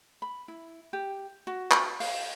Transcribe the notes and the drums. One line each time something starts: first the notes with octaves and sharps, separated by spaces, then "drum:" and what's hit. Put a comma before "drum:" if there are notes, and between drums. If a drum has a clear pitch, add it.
B5
E4
G4
F#4
drum: clap
F5, drum: open hi-hat